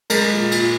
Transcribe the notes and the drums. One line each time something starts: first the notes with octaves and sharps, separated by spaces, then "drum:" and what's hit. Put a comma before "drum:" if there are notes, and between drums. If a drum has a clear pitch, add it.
G#3 A#4, drum: cymbal
A#2
A#2, drum: cymbal